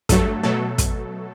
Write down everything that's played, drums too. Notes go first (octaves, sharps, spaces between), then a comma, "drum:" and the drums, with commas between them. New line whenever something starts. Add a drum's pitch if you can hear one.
G2 F#3 A3 A4, drum: kick, hi-hat
B2 F#3 A3 A4
drum: kick, hi-hat